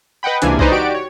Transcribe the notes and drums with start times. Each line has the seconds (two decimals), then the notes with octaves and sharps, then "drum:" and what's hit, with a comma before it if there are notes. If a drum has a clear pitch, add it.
0.23 B4 D#5 F#5 G5 B5
0.42 C#2 C3 E3 A#3 D4 G#5, drum: hi-hat
0.59 D#4 B4 C5 D5 D#5, drum: kick B1
0.72 F#4 G4 D5 D7
0.94 C#5